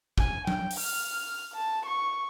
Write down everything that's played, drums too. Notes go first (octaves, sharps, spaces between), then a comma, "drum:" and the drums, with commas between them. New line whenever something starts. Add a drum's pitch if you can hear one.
G#5, drum: kick
G5, drum: tom F#3
drum: open hi-hat
F6
A5
C#6